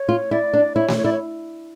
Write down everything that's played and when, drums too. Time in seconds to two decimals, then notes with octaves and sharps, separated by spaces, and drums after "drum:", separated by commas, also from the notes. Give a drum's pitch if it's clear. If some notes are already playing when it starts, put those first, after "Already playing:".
Already playing: C#5
0.09 F4
0.31 E4 D5
0.53 D4
0.75 E4 C#5
0.88 drum: snare A3
0.98 C#5
1.04 E4 D5
1.12 C#5